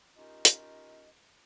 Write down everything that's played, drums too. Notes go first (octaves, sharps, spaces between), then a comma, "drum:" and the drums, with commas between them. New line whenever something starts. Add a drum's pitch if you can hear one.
C#4 D#4 F4 G4 A#4 D#5
drum: hi-hat